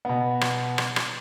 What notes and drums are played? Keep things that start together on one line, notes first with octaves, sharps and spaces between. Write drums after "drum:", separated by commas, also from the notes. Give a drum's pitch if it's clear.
B2 B3
drum: rim click
drum: rim click
drum: rim click